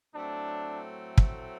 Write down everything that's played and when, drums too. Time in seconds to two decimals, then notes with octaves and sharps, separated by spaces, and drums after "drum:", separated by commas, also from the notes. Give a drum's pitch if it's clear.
0.14 A2 F#3 A3 C4 D4
1.18 drum: kick